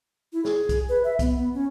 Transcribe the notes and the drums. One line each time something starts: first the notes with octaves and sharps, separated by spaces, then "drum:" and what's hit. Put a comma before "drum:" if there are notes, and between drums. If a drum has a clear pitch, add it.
E4
G#4, drum: snare
drum: kick, hi-hat
B4
E5
B3, drum: kick, hi-hat
B3
C#4